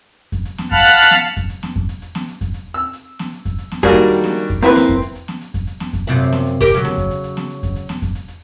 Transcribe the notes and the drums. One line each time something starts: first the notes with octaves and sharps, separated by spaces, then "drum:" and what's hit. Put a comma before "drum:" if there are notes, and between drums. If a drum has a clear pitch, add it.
drum: kick F2, hi-hat
drum: hi-hat
drum: snare B3
F5 F#5 A5 B5 F6 F#6, drum: kick F2, hi-hat
drum: hi-hat
drum: snare B3
drum: hi-hat
drum: kick F2, hi-hat
drum: hi-hat
drum: snare B3
drum: kick F2
drum: hi-hat
drum: hi-hat
drum: snare B3
drum: hi-hat
drum: kick F2, hi-hat
drum: hi-hat
E6
drum: hi-hat
drum: snare B3
drum: hi-hat
drum: kick F2, hi-hat
drum: hi-hat
drum: snare B3
D#3 G3 A#3 D4 F#4 G#4, drum: kick F2, hi-hat
drum: hi-hat
drum: snare B3
drum: hi-hat
drum: kick F2, hi-hat
A#3 C4 E4 B4, drum: hi-hat
drum: snare B3
drum: kick F2
drum: hi-hat
drum: hi-hat
drum: snare B3
drum: hi-hat
drum: kick F2, hi-hat
drum: hi-hat
drum: snare B3
drum: kick F2, hi-hat
F#2 C3 F5, drum: hi-hat
drum: hi-hat
drum: snare B3
drum: hi-hat
G4 A#4, drum: kick F2
C#3 F#3, drum: hi-hat
drum: snare B3
drum: kick F2, hi-hat
drum: hi-hat
drum: hi-hat
drum: snare B3
drum: hi-hat
drum: kick F2, hi-hat
drum: hi-hat
drum: snare B3
drum: kick F2, hi-hat
drum: hi-hat
drum: hi-hat